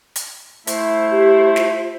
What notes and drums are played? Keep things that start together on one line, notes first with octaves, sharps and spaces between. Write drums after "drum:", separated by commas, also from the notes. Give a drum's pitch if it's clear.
drum: hi-hat
A3 E4 C5, drum: hi-hat
G4
F4, drum: snare